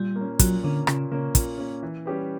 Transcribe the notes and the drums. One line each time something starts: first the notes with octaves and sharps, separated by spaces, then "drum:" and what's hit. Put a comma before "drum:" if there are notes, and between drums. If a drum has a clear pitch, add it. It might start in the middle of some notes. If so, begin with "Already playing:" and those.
Already playing: A#2 G3
A#3
C#4
A#2 F#3, drum: kick, hi-hat
D3 A#3 C#4
A#2 C#3, drum: rim click
C#3 A#3 C#4
A#2, drum: kick, hi-hat
A#3 C#4
E3
G3 C#4 G4 B4